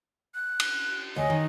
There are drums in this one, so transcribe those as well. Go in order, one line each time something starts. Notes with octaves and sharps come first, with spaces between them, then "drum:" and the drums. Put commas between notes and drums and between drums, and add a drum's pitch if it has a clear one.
F#6
drum: cymbal
D2 C#5 D#5 G#5
D#3 D#4